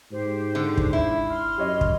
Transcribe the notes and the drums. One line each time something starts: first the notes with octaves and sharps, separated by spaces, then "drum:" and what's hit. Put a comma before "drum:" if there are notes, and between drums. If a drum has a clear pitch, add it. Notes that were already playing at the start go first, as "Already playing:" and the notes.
G#2 G4 C5
D3
drum: kick
E4
C6 F6
F#2 G4 C#5 D#5
drum: kick